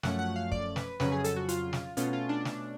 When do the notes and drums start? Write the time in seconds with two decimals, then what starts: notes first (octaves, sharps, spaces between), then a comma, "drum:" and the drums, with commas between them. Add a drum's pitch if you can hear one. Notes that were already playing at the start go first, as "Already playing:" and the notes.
0.03 F#2 F3 A3 C#4 F#5, drum: snare
0.19 F#5
0.36 F5
0.52 D5, drum: kick
0.76 B4, drum: snare
1.00 F2 C#3 F#3 C#4 B4, drum: snare
1.12 G#4
1.24 A4, drum: hi-hat
1.36 F#4
1.49 F4, drum: hi-hat
1.73 drum: snare
1.97 B2 A3 C#4 F4, drum: hi-hat
2.13 F4
2.29 D4
2.45 drum: snare